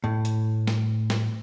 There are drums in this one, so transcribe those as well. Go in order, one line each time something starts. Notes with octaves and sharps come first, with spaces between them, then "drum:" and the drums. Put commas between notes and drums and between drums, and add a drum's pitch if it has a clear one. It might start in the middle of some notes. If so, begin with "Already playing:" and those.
A2
drum: hi-hat
drum: snare
drum: snare